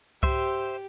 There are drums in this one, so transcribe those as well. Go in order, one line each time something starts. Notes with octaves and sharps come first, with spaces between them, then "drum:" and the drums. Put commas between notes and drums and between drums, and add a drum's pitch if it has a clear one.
G4 C5 E5, drum: kick C2